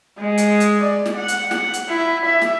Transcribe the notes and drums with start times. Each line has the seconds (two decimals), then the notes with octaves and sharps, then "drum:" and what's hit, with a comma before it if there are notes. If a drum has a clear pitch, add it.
0.18 G#3
0.38 drum: hi-hat
0.60 drum: hi-hat
0.82 D5
1.06 drum: snare
1.16 F#5
1.28 drum: hi-hat
1.51 F#5, drum: snare
1.74 drum: hi-hat
1.89 E4
2.25 E5
2.42 drum: snare